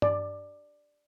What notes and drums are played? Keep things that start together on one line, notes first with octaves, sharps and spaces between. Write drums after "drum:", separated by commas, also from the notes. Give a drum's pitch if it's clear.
D5, drum: tom G2